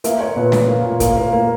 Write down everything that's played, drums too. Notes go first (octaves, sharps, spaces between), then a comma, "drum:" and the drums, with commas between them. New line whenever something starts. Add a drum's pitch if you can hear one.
A#3 E5, drum: hi-hat
A#3 C#5
A#2 B4
A#2, drum: snare
A#3
A#2
A#3, drum: kick, hi-hat
A#3
A#3